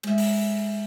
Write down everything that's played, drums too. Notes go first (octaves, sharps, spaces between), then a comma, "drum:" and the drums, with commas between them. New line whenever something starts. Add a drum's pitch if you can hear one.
G#3 E5, drum: cymbal
drum: open hi-hat